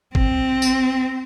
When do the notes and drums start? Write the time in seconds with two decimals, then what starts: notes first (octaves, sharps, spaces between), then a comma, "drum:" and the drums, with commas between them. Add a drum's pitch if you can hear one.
0.15 C4, drum: kick G#1
0.62 drum: tambourine